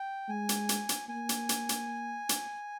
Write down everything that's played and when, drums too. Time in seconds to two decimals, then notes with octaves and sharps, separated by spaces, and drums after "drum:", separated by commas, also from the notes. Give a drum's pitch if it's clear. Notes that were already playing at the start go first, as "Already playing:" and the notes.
Already playing: G5
0.28 G#3 G#5
0.49 drum: hi-hat
0.69 drum: hi-hat
0.89 drum: hi-hat
1.09 A#3 G#5
1.29 drum: hi-hat
1.49 drum: hi-hat
1.69 drum: hi-hat
2.29 drum: hi-hat